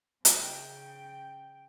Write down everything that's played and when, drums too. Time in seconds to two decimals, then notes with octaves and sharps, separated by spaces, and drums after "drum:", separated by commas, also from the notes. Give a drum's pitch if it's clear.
0.25 C#3 G5, drum: hi-hat